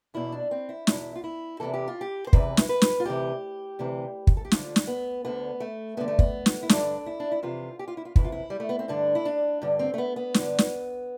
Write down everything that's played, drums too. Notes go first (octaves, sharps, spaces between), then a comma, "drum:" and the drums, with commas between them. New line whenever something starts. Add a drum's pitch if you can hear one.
E2 B2 E4
D4
C4
E4
E2 B2 E4, drum: snare
F4
E4
E2 C3 E3 A4
G4
F4
G4
C5
E2 C3 E3 B4, drum: kick
drum: snare
B4
drum: snare
F4
D2 C3 E3 G4
D2 C3 E3
drum: kick
A4
G4
D2 D3 F4, drum: snare
drum: snare
B3
D2 D3 B3
A3
G2 D3 B3
A3
B3, drum: kick
drum: snare
E4
G2 D3 D4, drum: snare
E4
D4
E4
F2 C3 E3 F4
G4
F4
E4
F4
F2 C3 E3 E4, drum: kick
F4
E4
G3
A3
B3
C4
G2 D3 D4
E4
D4
G2 D3
C4
A3
B3
B3
G2 D3, drum: snare
drum: snare